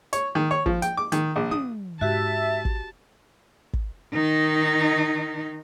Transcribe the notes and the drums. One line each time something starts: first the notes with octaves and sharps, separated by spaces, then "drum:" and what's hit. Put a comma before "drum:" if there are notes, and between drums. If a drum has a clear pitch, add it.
C#5, drum: hi-hat
D#3
C#5
F3, drum: kick
G5, drum: hi-hat
D6
D#3, drum: hi-hat
A#1
D#6, drum: tom
G#2 F#4 G4 E5 A5
drum: kick
drum: kick
D#3 D#4